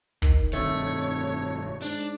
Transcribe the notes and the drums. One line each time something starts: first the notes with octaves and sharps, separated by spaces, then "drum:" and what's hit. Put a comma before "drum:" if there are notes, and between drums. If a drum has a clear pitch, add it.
D#3, drum: kick
F1 G2 B2 D#3 A3 C#5
G#2 D4